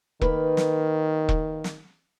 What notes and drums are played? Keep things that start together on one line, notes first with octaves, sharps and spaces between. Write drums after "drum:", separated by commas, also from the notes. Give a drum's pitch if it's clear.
D#3 A#3 B4, drum: kick E1
drum: snare
drum: kick E1
drum: snare